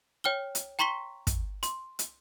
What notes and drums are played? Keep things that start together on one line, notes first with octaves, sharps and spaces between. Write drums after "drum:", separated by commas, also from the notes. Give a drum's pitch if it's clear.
C#5 G5 F6 G7
drum: hi-hat
G5 A#5 C6 C#6 B6 G7
drum: kick, hi-hat
C6, drum: hi-hat
drum: hi-hat